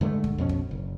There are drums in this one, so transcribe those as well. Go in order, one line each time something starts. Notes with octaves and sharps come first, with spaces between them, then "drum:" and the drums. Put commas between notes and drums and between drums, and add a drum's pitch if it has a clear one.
G2 D3 G#3 A3
drum: kick
F2 B2 C#4
drum: kick
F#1